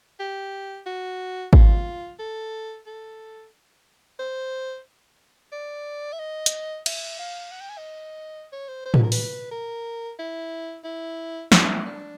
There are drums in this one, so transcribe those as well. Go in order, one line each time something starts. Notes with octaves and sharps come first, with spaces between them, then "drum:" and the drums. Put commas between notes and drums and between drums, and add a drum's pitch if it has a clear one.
G4
F#4
F4, drum: kick
A4
A4
C5
D5
E5
D#5
drum: hi-hat
E5, drum: cymbal
F5
F#5
G5
G#5
D#5
C#5
C5
C5
B4, drum: tom A2
A#4
B4, drum: open hi-hat
A#4
E4
E4
E4, drum: snare
D4